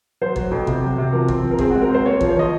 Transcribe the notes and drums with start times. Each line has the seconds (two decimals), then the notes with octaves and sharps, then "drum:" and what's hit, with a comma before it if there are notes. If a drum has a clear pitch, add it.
0.21 F#3 C5
0.36 F#3, drum: kick
0.51 F2
0.67 C3, drum: kick
0.82 F#3
0.98 C3
1.13 F3 A#4
1.28 C4, drum: kick
1.43 F3
1.51 A#4
1.59 C4 G#4, drum: kick
1.70 G#3 F#4
1.82 A#4
1.89 C4 C5
2.06 A#3 C#5
2.21 F3, drum: kick
2.28 C#5
2.36 F3 D#5